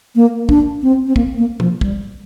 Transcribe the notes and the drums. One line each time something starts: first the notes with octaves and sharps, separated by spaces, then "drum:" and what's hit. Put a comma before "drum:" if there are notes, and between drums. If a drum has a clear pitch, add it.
A#3
D4, drum: kick
C4
C4
A#3, drum: kick
A#3
F3, drum: tom
G3, drum: kick